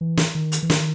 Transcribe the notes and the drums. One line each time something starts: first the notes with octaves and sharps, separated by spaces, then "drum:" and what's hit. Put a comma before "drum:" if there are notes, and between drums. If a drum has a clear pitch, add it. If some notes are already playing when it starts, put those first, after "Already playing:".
E3
drum: snare
D#3
drum: hi-hat
E3
D#3, drum: snare